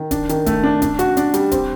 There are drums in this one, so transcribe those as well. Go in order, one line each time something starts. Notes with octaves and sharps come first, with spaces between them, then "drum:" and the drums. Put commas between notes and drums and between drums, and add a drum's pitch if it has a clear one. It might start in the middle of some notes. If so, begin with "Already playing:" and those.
Already playing: D#3
D4, drum: kick D1, hi-hat
D#3, drum: hi-hat
A3, drum: kick D1, hi-hat
D4
D4, drum: kick D1, hi-hat
F#4, drum: hi-hat
D4, drum: hi-hat
G3, drum: hi-hat
C4, drum: kick D1, hi-hat